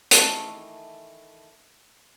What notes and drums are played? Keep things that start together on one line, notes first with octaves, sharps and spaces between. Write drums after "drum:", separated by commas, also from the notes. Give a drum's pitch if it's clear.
D#3 E3 A3, drum: hi-hat